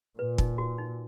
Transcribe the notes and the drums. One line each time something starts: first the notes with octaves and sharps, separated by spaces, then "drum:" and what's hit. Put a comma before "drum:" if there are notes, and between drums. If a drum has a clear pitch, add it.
A#2 B4
D#4, drum: kick
F#4
D#4